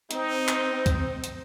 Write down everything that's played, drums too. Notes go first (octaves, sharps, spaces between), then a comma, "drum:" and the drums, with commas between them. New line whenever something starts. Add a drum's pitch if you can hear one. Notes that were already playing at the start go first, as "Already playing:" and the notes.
C4 D#4, drum: hi-hat
drum: clap
drum: kick C#2, hi-hat
drum: hi-hat